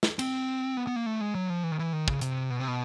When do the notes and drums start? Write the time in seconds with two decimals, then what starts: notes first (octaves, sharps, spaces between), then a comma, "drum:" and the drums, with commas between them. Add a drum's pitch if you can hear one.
0.03 drum: snare
0.19 C4, drum: cymbal
0.77 B3
0.87 B3
0.96 A#3
1.06 A3
1.21 G#3
1.35 F#3
1.50 F3
1.64 E3
1.72 D#3
1.79 E3
1.93 D#3
2.08 C#3, drum: kick
2.21 C3, drum: hi-hat
2.50 B2
2.60 C3
2.68 B2